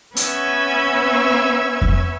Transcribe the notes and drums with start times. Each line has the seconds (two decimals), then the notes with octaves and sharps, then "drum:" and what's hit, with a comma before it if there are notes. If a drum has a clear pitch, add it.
0.17 B3 C#4 E5 C#6 G#6, drum: hi-hat
1.82 drum: kick F2